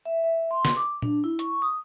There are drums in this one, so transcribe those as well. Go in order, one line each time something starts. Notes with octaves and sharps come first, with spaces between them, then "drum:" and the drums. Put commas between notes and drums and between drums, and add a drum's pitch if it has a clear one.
E5
E5
C6
drum: snare
D6
D4, drum: tom A#2
E4
C#6, drum: hi-hat
D#6